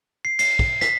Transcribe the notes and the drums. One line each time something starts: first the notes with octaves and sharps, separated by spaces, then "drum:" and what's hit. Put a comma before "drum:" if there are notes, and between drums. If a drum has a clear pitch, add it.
C7
C7, drum: cymbal
drum: kick
B6, drum: snare